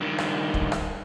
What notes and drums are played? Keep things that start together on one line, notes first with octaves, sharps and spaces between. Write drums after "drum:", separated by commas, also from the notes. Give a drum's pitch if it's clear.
G2 D#3
drum: rim click
drum: kick
drum: rim click